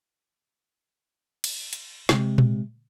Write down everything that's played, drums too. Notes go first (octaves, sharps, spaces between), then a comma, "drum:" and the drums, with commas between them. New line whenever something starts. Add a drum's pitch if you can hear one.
drum: cymbal
drum: hi-hat
C3 G#3, drum: snare
drum: tom A#2